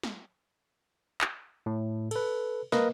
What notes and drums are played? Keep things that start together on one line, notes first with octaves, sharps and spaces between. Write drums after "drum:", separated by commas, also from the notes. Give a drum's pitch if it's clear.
drum: snare
drum: clap
A2
A4 B4, drum: cymbal
A#3 A#4 B4 D#5, drum: snare